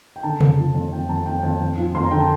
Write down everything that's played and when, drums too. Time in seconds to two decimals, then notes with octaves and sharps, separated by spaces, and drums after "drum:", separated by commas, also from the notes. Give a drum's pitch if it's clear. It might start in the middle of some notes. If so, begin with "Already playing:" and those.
0.16 G5
0.23 D3 A5
0.41 F2, drum: tom C3
0.58 F3
0.75 F2
0.92 F2 G5
1.09 F2 A5
1.26 F2 G5
1.43 F2
1.60 F2
1.78 F3
1.95 F2 C6
2.03 A#5
2.11 D3 G5
2.20 A5